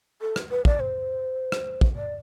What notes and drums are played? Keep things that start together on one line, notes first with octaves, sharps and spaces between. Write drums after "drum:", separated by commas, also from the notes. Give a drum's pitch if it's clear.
A4
drum: rim click
B4
D5, drum: kick
C5
drum: rim click
drum: kick
D5